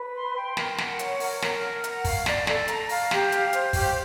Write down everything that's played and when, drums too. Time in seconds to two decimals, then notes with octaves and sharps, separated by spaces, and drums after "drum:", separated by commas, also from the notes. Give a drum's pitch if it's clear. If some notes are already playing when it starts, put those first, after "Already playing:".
Already playing: B4
0.15 C6
0.36 G5
0.57 A#4, drum: snare
0.78 F#5, drum: snare
0.99 C#5, drum: hi-hat
1.20 A#4, drum: open hi-hat
1.42 A#4, drum: snare
1.63 F#5
1.84 A#5, drum: hi-hat
2.05 F5, drum: kick, open hi-hat
2.26 D5, drum: snare
2.47 A4, drum: snare
2.68 A#5, drum: hi-hat
2.89 F5, drum: open hi-hat
3.11 G4, drum: snare
3.32 F5, drum: hi-hat
3.53 C5, drum: hi-hat
3.73 G4, drum: kick, open hi-hat